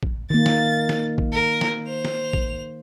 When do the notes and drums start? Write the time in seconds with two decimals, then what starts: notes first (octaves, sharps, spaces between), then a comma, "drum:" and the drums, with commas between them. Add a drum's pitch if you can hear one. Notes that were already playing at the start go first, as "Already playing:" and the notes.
0.03 drum: kick A1
0.30 D#3 A#3 A6
0.46 drum: snare
0.89 drum: snare
1.18 drum: kick A1
1.32 A#4
1.61 drum: snare
1.86 C5 F7
2.05 drum: snare
2.33 drum: kick A1